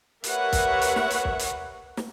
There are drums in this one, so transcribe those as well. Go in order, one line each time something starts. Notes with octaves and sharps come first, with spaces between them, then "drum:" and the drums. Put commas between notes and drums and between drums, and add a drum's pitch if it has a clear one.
G4 A#4 B4 C#5 E5 F#5, drum: hi-hat
drum: kick, hi-hat
drum: hi-hat
drum: snare
drum: hi-hat
drum: kick
drum: hi-hat
drum: snare